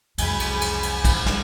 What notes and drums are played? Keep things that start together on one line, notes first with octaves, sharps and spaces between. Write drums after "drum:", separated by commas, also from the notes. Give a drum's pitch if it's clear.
C2 F2 C#3 F#3 G#3 G#5 B5, drum: cymbal
drum: cymbal
drum: cymbal
drum: cymbal
drum: kick B1, cymbal
drum: snare